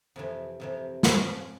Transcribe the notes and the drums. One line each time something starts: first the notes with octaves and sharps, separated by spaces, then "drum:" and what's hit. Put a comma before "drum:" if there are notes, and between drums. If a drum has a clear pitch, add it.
F2 C3 E3
F2 C3 E3
F3 G#3 C#4, drum: snare